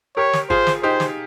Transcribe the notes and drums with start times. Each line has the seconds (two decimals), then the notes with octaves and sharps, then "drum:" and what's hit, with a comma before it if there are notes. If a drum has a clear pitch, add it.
0.17 G4 A#4 C#5
0.33 drum: snare
0.50 F4 G#4 C5, drum: kick
0.67 drum: snare
0.83 D#4 G4 C5
1.00 drum: snare